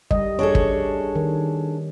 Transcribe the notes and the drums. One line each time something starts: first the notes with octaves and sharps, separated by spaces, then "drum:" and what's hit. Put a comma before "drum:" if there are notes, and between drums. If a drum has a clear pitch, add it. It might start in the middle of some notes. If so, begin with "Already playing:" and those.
G3 D#5, drum: kick
D4 G#4 A4 C#5
drum: kick
D#3